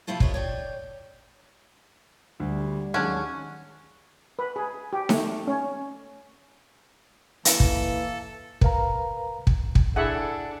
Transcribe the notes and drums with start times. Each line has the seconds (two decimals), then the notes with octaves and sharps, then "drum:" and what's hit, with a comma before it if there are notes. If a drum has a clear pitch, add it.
0.07 C3 F3 A3 E4 F4 A4
0.20 C3 F4 A#4 C#5 D#5, drum: kick
0.34 C#5 D5 G5
2.40 D2 G3
2.94 D#2 F#3 G#3 C#4 D4 F#5
4.39 B4
4.56 G#4
4.93 G4
5.09 A3, drum: snare D#4
5.47 C#4
7.45 E3 A#3 A4, drum: hi-hat
7.60 drum: kick
8.61 A#4 B4 F5 A#5, drum: kick
9.47 drum: kick
9.75 drum: kick
9.96 D4 E4 G#4 A4 E5 F#5